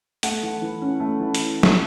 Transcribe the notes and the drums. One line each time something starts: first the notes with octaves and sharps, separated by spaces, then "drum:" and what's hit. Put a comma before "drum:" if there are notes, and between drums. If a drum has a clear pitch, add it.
A3 F#5, drum: hi-hat
E3
E3
C#4
A3
E3
drum: hi-hat
drum: snare